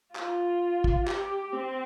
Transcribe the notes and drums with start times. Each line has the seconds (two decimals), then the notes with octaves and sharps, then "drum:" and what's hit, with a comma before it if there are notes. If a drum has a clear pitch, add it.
0.16 F4, drum: clap
0.84 drum: kick
1.07 G4, drum: clap
1.53 C4